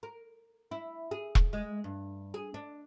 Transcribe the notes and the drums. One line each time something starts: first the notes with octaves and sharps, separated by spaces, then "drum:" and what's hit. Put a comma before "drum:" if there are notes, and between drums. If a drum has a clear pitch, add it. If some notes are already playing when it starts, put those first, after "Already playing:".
A#4
E4
G#4
drum: kick E1
G#3
G2
G#4
D4